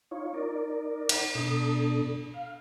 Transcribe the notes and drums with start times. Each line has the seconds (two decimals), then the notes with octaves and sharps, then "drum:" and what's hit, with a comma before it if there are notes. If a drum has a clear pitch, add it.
0.11 D#4 F4 C#5
0.34 D#4 A#4 D5
1.09 drum: cymbal
1.35 B2 D4 A4 D#6
2.34 F5